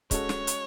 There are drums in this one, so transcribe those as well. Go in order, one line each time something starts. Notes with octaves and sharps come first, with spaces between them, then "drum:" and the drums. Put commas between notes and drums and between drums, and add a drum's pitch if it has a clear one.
G#3 C#4 F#4 A4 C#5, drum: kick, hi-hat
drum: snare
drum: hi-hat